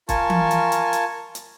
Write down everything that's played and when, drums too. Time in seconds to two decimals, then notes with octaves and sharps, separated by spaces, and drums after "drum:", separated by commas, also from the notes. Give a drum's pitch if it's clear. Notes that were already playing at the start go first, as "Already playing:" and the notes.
0.09 F4 A#4 G#5 A5 C#6, drum: kick, hi-hat
0.30 drum: tom E3
0.51 drum: hi-hat
0.72 drum: hi-hat
0.93 drum: hi-hat
1.35 drum: hi-hat